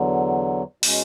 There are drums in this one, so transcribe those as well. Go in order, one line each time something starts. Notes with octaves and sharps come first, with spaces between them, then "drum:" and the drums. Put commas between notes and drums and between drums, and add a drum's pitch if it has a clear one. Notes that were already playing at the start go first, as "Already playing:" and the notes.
Already playing: E2 D3 F#3
B2 G#3 C#4, drum: open hi-hat